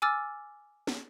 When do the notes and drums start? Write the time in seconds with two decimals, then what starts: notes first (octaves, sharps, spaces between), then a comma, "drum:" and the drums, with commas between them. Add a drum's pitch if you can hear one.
0.02 G#5 D6 E6 F6 A6
0.87 drum: snare